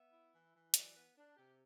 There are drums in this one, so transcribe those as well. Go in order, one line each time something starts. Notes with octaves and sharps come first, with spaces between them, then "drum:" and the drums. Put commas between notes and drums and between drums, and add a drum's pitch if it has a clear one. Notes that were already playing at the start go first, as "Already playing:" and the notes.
Already playing: B3 E5
E4
E3
E3
F#3 D5, drum: hi-hat
B3 B4
D4
C3 G4